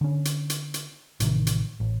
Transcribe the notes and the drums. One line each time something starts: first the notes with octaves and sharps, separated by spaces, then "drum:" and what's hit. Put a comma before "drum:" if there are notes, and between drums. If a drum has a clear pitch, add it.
D3 C#4
drum: hi-hat
drum: hi-hat
drum: hi-hat
A1 C3 D#3, drum: hi-hat
drum: hi-hat
A1